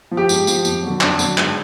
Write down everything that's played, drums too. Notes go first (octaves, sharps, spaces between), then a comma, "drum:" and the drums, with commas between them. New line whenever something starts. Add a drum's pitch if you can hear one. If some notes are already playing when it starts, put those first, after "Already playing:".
F3
G4
G#2, drum: tambourine
F3, drum: tambourine
F2, drum: tambourine
D3 F#3
F2 D4, drum: clap
D3 F#3, drum: tambourine
G#2, drum: clap